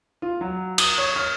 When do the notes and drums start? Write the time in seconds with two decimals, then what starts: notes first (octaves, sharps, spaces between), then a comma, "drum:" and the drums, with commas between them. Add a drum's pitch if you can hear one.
0.22 F4
0.41 F#3
0.78 D#6, drum: cymbal
0.98 C#5
1.16 F6